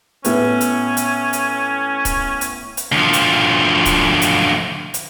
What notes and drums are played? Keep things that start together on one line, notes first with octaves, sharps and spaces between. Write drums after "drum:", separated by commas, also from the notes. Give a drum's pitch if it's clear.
A2 B3 C#4, drum: hi-hat
drum: hi-hat
drum: hi-hat
drum: hi-hat
drum: kick C#1, hi-hat
drum: hi-hat
drum: hi-hat
D2 F3
drum: hi-hat
drum: kick C#1, hi-hat
drum: hi-hat
drum: hi-hat